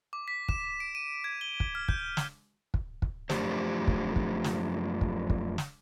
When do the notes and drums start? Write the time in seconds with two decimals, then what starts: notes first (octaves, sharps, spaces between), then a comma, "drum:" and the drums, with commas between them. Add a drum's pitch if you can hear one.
0.13 D6
0.28 B6
0.49 E7, drum: kick
0.80 D7
0.95 D#7
1.24 G#6
1.41 G7
1.60 drum: kick
1.75 F6
1.88 G6, drum: kick
2.17 drum: snare
2.74 drum: kick
3.02 drum: kick
3.30 F#2 F3 A3 D4 G4 C5, drum: snare
3.87 drum: kick
4.16 drum: kick
4.44 drum: snare
5.01 drum: kick
5.30 drum: kick
5.58 drum: snare